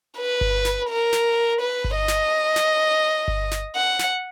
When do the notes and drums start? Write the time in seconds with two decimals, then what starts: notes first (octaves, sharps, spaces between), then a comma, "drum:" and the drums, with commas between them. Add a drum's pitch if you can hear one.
0.18 B4
0.41 drum: kick G1
0.65 drum: snare
0.89 A#4
1.13 drum: snare
1.61 B4
1.84 drum: kick G1
1.96 D#5
2.08 drum: snare
2.56 drum: snare
3.28 drum: kick G1
3.52 drum: snare
3.75 F#5
3.99 drum: snare